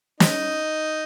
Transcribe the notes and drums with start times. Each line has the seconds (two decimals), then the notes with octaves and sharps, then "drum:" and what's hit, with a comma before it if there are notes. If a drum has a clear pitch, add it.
0.20 C4 D#4, drum: snare